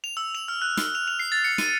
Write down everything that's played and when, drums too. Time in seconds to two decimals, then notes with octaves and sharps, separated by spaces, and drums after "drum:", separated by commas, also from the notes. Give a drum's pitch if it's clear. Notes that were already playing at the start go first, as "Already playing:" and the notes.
0.04 F7
0.17 E6
0.35 F7
0.48 F6
0.62 F#6
0.77 F6, drum: snare
0.95 F7
1.08 F7
1.19 C7
1.32 A6
1.44 C#7
1.58 D#7, drum: snare